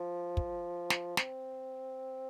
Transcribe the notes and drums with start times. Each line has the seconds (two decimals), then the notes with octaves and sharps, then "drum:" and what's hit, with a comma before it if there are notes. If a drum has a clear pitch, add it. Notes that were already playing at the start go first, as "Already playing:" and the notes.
Already playing: F3
0.37 drum: kick
0.90 drum: snare
1.17 C4, drum: snare